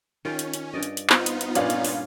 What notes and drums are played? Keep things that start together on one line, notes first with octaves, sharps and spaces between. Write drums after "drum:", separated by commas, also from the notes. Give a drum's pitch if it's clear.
D#3 C#4 F4 G4
drum: hi-hat
drum: hi-hat
G2 D5 D#5
drum: hi-hat
drum: hi-hat
B3 C4 D#4 F4 F5, drum: clap
drum: hi-hat
drum: hi-hat
G2 A#2 C#4 C#5 D5 F5, drum: hi-hat
drum: hi-hat
drum: open hi-hat